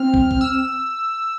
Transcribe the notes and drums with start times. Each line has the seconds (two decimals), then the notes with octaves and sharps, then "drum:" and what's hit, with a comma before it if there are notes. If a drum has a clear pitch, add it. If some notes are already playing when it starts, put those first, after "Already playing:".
Already playing: C4 F6
0.14 drum: kick
0.31 drum: kick
0.41 E6